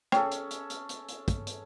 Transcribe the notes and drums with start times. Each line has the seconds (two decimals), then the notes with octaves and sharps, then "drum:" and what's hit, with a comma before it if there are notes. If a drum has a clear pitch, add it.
0.12 C#4 G#4 A4 G5, drum: rim click
0.32 drum: hi-hat
0.51 drum: hi-hat
0.70 drum: hi-hat
0.89 drum: hi-hat
1.09 drum: hi-hat
1.28 drum: kick, hi-hat
1.47 drum: hi-hat